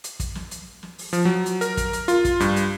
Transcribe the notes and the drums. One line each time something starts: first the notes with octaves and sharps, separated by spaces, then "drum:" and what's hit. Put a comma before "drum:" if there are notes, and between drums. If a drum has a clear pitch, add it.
drum: hi-hat
drum: kick, hi-hat
drum: snare
drum: hi-hat
drum: snare
drum: open hi-hat
F3, drum: hi-hat
F#3
drum: hi-hat
A#4, drum: hi-hat
drum: kick, hi-hat
drum: hi-hat
F4, drum: hi-hat
drum: kick, hi-hat
G2, drum: hi-hat
drum: hi-hat